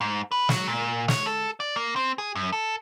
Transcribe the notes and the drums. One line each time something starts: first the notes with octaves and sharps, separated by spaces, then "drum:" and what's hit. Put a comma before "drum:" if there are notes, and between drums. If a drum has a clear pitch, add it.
G#2
B4
F#3, drum: snare
A#2
C#5, drum: snare
A4
D5
A#3
C4
G#4
F#2
A4